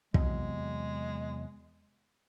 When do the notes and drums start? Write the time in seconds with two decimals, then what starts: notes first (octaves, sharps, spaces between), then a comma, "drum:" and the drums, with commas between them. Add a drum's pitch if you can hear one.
0.14 E2 C3 F#3 G#3, drum: kick